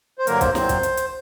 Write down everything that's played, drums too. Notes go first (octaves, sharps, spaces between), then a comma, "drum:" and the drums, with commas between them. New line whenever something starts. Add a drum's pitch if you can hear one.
C5
G2 D3 F#3 A#3 A#4, drum: hi-hat
C5, drum: kick, hi-hat
A#2 F#3 C4 C5, drum: snare
drum: kick, hi-hat
drum: hi-hat
drum: hi-hat